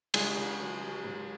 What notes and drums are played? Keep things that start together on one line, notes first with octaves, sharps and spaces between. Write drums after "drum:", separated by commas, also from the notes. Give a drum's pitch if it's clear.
C#3 G#3 G#4, drum: cymbal
C#3
F#3
F#3
G#2